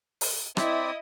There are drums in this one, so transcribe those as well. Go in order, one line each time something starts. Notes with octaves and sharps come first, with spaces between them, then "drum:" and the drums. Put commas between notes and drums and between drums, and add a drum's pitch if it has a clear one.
drum: open hi-hat
C4 E4 D5 D#5 B5 D#6, drum: rim click